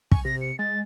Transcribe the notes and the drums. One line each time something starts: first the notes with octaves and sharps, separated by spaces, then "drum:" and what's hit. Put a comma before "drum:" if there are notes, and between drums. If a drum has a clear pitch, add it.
G#5 C#6, drum: kick
C3 A#6
C#7
G#3 A6